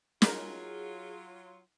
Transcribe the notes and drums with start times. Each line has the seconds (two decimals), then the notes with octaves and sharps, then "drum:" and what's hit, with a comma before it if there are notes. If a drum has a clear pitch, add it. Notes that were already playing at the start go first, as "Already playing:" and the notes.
0.22 F#3 D#4 F4 G#4 A#4, drum: snare